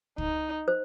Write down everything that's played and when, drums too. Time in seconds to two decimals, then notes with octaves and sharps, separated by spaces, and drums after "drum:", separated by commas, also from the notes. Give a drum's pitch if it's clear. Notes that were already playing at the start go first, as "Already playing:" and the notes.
0.18 D#4, drum: kick
0.68 C5